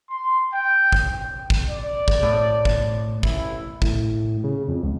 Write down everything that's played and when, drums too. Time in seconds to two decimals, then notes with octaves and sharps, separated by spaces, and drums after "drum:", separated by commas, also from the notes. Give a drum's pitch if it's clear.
0.10 C6
0.52 G5
0.92 drum: kick
1.07 G5
1.50 drum: kick
1.69 D5
2.08 drum: kick
2.23 A2
2.65 drum: kick
3.23 A1 E4, drum: kick
3.82 A2, drum: kick
4.44 C#3
4.68 F2
4.83 C#2